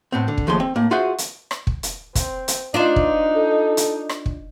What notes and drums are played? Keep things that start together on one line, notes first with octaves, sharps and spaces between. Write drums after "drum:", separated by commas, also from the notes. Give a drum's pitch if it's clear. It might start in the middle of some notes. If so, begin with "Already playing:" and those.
A2 B3 C4
D3
drum: kick
D#2 F3 A3 G#4 C6
C4
A2 A#3
F4 F#4 G#4 C5 E5 F#5
drum: hi-hat
drum: rim click
drum: kick
drum: hi-hat
C4, drum: kick, hi-hat
drum: hi-hat
D4 D#4 F4 C5
drum: kick
A4
drum: hi-hat
drum: rim click
drum: kick